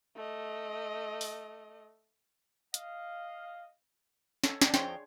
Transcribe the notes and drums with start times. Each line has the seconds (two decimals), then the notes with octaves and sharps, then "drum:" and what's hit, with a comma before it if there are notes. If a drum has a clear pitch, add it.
0.16 A3 D#5
1.21 drum: open hi-hat
2.74 D#5 F5, drum: hi-hat
4.44 A4 C#5, drum: snare
4.62 D4 G5 G#5, drum: snare
4.74 F2 G#4 C5 C#5 G5 C6, drum: snare